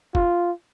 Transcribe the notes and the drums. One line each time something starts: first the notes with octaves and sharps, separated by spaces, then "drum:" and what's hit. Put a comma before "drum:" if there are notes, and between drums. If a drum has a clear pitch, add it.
F4, drum: kick